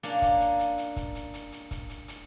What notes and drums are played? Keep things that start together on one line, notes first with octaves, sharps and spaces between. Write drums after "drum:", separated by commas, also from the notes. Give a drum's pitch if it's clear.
A#3 C#4 D4, drum: hi-hat
drum: kick, hi-hat
drum: hi-hat
drum: hi-hat
drum: hi-hat
drum: kick, hi-hat
drum: hi-hat
drum: hi-hat
drum: hi-hat
drum: kick, hi-hat
drum: hi-hat
drum: hi-hat